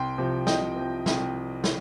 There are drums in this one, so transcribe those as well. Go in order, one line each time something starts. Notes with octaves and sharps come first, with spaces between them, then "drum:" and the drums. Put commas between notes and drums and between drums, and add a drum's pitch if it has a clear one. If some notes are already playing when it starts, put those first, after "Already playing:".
Already playing: C2 G5 C6
C3 F3
C2 D#5 G5, drum: snare
C3 F3
C2, drum: snare
drum: snare